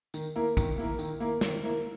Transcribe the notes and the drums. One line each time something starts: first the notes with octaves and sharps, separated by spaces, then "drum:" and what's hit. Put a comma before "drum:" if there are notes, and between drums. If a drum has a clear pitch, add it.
D#3, drum: tambourine
A#3 E4 A#4
D#3, drum: kick, tambourine
A#3 E4 A#4
D#3, drum: tambourine
A#3 E4 A#4
D#3, drum: snare
A#3 E4 A#4